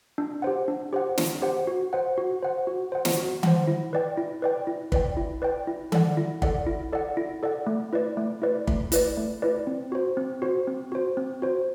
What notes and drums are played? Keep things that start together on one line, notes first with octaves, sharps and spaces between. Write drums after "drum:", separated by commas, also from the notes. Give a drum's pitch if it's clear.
D4
G4 C5 F#5
D4
G4 C5 F#5
D4, drum: snare
G4 C5 F#5
F#4
C5 F#5
F#4
C5 F#5
F#4
C5 F#5
drum: snare
F#4
C5 F#5, drum: tom D#3
E4
B4 D5 G5
E4
B4 D5 G5
E4
B4 D5 G5, drum: kick
E4
B4 D5 G5
E4
A4 D5 F#5, drum: tom D#3
E4
A4 D5 F#5, drum: kick
E4
A4 D5 F#5
E4
A4 D5 F#5
A3
E4 B4 D5
A3
E4 B4 D5
A3, drum: kick
E4 B4 D5, drum: hi-hat
A3
E4 B4 D5
C4
F#4 C5
C4
F#4 C5
C4
F#4 C5
C4
F#4 C5